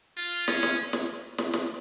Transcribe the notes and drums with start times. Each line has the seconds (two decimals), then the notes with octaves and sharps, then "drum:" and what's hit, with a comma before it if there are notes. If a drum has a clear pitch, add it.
0.18 F4
0.48 C#4, drum: snare
0.63 drum: snare
0.93 drum: snare
1.38 drum: snare
1.53 drum: snare